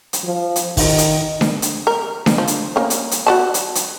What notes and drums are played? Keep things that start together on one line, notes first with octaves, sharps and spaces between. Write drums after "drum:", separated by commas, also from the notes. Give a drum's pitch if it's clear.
drum: hi-hat
F3
drum: hi-hat
D#3, drum: kick, open hi-hat
drum: hi-hat
drum: snare D4
drum: hi-hat
A#4
drum: snare D4
F3
drum: hi-hat
A#3 C#4
drum: hi-hat
drum: hi-hat
F#4 D5 A5
drum: hi-hat
drum: hi-hat